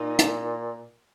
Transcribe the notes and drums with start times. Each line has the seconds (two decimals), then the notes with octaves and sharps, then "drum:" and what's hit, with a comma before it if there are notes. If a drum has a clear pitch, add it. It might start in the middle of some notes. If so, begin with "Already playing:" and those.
Already playing: A#2 D#4
0.19 drum: hi-hat